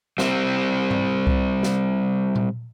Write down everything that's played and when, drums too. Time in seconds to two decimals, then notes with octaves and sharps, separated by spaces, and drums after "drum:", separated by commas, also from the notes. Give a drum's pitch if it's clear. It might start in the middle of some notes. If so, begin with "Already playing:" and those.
0.18 G3 C4, drum: snare
0.91 drum: tom
1.27 drum: kick C2
1.63 drum: snare
2.36 drum: tom A#2